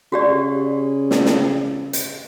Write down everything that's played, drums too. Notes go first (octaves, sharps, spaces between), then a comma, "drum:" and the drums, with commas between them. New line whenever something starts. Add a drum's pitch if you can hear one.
C#3 F#4 G4 D5
drum: snare
drum: snare
drum: hi-hat